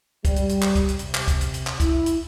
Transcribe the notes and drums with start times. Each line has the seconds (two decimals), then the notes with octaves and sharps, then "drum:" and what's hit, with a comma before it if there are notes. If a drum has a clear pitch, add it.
0.25 G3, drum: kick, hi-hat
0.36 drum: hi-hat
0.49 drum: hi-hat
0.62 drum: clap
0.75 drum: kick, hi-hat
0.88 drum: hi-hat
0.99 C3, drum: hi-hat
1.15 drum: clap
1.28 drum: kick, hi-hat
1.41 drum: hi-hat
1.54 drum: hi-hat
1.67 drum: clap
1.80 E4, drum: kick, hi-hat
2.06 drum: hi-hat